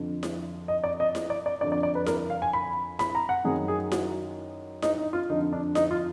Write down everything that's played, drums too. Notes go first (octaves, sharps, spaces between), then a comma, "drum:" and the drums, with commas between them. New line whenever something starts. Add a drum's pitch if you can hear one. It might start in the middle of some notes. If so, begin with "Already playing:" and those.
Already playing: F2 D3
drum: snare E4
D#5
D5
D#5
drum: snare E4
D5
D5
F2 D3 D5
D5
D5
B4
A#4, drum: snare E4
F5
G#5
B5
B5, drum: snare E4
A#5
F#5
F#2 D#3 G#4
G#4
F#4, drum: snare E4
D#4, drum: snare E4
D#4
F4
F2 D3 D#4
D4
D#4, drum: snare E4
F4